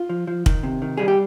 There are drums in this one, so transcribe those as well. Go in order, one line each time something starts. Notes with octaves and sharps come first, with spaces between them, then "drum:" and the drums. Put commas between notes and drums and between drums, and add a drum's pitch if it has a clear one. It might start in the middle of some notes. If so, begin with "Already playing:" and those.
Already playing: F4
F3
F3
D#3, drum: kick
C3
D#3
G3 G#4
G4